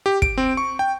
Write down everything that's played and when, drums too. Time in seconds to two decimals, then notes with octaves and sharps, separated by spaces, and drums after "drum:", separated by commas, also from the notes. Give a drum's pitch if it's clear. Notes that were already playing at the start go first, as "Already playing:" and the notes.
0.06 G4
0.22 D7, drum: kick
0.38 C4
0.57 C#6
0.79 G5